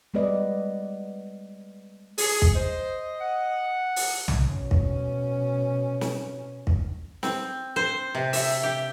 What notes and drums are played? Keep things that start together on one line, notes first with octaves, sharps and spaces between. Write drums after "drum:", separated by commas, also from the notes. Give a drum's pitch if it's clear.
G3 G#3 B3 B4 D5 D#5
G#4, drum: open hi-hat
drum: kick
C5 D#5
F#5
drum: open hi-hat
drum: tom
B2 C#4
drum: kick
drum: snare
drum: kick
C4, drum: snare
C5
C3
E5, drum: open hi-hat
G4